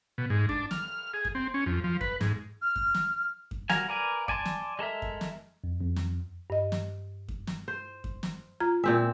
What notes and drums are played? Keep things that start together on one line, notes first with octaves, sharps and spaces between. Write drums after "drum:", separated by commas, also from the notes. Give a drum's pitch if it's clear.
B2
G#2
D4, drum: kick F#2
F6, drum: snare
G#4
drum: kick F#2
C4
C#4
F2
F3
B4, drum: kick F#2
G#2, drum: snare
F6
drum: kick F#2
drum: snare
drum: kick F#2
G3 F#4 A#4 F5 G#5, drum: snare
A#4 B4 D5 F5 G#5
D5 G#5 A5 C6, drum: kick F#2
drum: snare
G#3 A4 A#4 E5
drum: kick F#2
drum: snare
F2
F2
drum: snare
G2 D#5
drum: snare
drum: kick F#2
drum: snare
C5
drum: kick F#2
drum: snare
F4 A#5 G#6
A#2 C4 E5 G#5